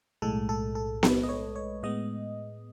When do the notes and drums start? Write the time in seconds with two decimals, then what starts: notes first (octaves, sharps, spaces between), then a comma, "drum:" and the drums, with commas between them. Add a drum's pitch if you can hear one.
0.22 B1 A2 G#3 A4
0.49 A4
0.75 A4
1.03 B4, drum: snare B3
1.23 D#5
1.29 C#5
1.56 C#5
1.83 A2 G#3 B3 D#5